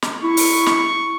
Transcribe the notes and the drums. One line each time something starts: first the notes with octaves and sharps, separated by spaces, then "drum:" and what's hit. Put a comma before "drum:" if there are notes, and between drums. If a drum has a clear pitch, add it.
drum: snare
E4 C#6
drum: open hi-hat
drum: snare